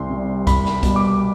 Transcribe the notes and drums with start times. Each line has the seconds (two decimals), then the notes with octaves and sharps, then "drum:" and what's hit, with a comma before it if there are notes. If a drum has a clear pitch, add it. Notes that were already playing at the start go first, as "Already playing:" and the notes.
Already playing: C2 C6
0.10 C3 G3
0.47 C2 B5, drum: kick B1, hi-hat
0.65 drum: snare
0.83 B2 G3 B3, drum: kick B1, hi-hat
0.96 D6